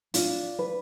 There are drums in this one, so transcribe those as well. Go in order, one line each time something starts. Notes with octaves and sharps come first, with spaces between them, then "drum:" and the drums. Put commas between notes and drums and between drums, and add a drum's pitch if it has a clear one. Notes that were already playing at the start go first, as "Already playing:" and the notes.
D4 F4, drum: hi-hat
B4